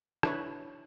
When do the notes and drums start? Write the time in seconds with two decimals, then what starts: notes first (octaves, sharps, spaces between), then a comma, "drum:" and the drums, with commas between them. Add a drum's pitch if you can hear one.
0.23 D4 E4 B4 C#5, drum: rim click